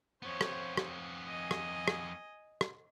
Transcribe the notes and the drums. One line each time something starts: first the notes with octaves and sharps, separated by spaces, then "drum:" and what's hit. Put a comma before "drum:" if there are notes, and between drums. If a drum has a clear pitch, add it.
F2 B3 C5 C#5
drum: rim click
drum: rim click
D#5 G#5
drum: rim click
drum: rim click
drum: rim click